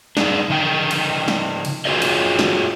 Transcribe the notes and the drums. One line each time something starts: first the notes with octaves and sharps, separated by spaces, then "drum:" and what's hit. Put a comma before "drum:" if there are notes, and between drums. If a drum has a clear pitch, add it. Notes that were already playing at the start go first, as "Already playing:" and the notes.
D4 D#4 G#4, drum: snare
C#3 D#4 D#5 G5
drum: cymbal
drum: snare
drum: cymbal
F4 F#4 G#4 C#5 D#5
drum: cymbal
drum: snare